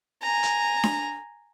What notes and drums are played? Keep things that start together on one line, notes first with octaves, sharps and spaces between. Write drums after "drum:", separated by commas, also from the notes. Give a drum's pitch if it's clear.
G#5 A#5
drum: hi-hat
drum: snare D4